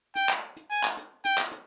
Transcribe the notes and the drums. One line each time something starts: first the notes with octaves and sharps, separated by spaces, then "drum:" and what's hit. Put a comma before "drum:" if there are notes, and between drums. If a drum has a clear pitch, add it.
G5, drum: hi-hat
drum: clap
drum: hi-hat
G#5, drum: open hi-hat
drum: clap
drum: hi-hat
G5, drum: hi-hat
drum: clap
drum: hi-hat